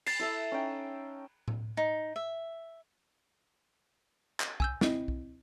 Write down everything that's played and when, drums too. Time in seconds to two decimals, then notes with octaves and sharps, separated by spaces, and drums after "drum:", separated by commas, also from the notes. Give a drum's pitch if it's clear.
0.06 B5 A6 C7, drum: cymbal
0.19 E4 A4 E5
0.52 C#4 D#4 G5
1.48 drum: tom A2
1.77 D#4
2.16 E5
4.40 drum: clap
4.60 G#5 E6 G6, drum: kick B1
4.81 C4 E4 D#5, drum: snare
5.08 drum: kick B1